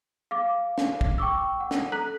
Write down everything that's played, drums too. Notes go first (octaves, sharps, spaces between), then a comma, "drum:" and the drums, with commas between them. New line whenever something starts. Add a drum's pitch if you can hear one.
F5 D6
drum: snare
drum: kick
G5 C#6 D6 E6
F#5
drum: snare
A4 A#5 F#6 B6 F#7